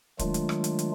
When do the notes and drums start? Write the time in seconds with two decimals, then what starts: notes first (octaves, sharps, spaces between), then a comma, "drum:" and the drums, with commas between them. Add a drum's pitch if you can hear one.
0.19 D#3 F#3 G#3 A3 D4 F4, drum: kick, hi-hat
0.34 drum: hi-hat
0.49 drum: rim click
0.64 drum: hi-hat
0.79 drum: hi-hat